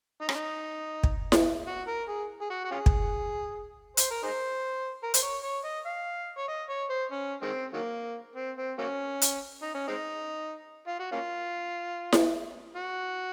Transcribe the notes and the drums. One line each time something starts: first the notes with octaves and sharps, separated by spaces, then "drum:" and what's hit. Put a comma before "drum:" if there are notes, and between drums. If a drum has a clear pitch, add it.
D#4
C#4, drum: rim click
D#4
drum: kick
drum: snare E4
F#4
A#4
G#4
G#4
F#4
F#4
C#4 F4 G#4
drum: kick
C5, drum: hi-hat
A#4
D#4 G#4 C5
A#4
C5, drum: hi-hat
C#5
C#5
D#5
F5
C#5
D#5
C#5
C5
C#4
D#3 G#3 C4
D#3 F#3 A#3
C4
C4
F#3 A#3 C#4
drum: hi-hat
D#4
C#4
G#3 C4 D#4
F4
F#4
A#3 C#4 F4
drum: snare E4
F#4